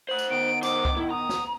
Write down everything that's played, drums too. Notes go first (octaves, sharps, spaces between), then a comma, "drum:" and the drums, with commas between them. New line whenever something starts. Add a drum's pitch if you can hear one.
C5 F#5 F#7
drum: tambourine
D#3 B3 D7
D#4 C5 D6, drum: tambourine
drum: kick C2
E4
A#5 D#6
drum: snare